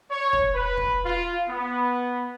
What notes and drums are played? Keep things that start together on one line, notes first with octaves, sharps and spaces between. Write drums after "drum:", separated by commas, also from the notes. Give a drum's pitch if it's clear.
C#5
drum: kick
B4
drum: kick
F4
B3